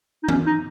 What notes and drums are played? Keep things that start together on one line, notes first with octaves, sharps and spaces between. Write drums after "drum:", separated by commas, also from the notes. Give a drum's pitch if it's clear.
D#4
C#4, drum: tom E3
D#4